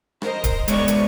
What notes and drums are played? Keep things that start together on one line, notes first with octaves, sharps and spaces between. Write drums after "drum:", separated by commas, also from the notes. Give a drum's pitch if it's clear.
A#4 C5 D#5, drum: rim click
drum: kick D1, hi-hat
G#3 B3 C#5 D5 C#6, drum: hi-hat
drum: hi-hat